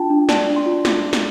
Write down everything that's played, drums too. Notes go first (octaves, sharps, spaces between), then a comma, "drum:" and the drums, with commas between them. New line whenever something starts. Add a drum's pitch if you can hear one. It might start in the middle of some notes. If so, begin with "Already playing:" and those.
Already playing: D4 F4 G5 A5
D4
D5 A5, drum: snare
D4
C6
F4
drum: snare
drum: snare